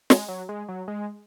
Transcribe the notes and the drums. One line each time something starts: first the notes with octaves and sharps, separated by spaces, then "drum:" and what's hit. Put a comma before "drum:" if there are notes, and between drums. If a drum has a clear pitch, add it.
G#3, drum: snare
F#3
G#3
F#3
G#3